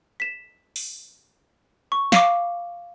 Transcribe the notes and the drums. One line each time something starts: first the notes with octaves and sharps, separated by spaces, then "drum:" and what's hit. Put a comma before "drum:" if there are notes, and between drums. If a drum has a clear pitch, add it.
B6 E7
drum: open hi-hat
C#6
F5 D6, drum: snare